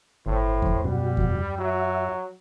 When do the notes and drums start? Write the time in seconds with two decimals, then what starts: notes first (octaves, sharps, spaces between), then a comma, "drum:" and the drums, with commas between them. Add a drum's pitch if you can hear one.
0.26 G1 A2 C5
0.62 drum: kick E2
0.84 F#2 B2 F#3 G3 F#4
1.17 drum: kick E2
1.58 F#3 F#4 E5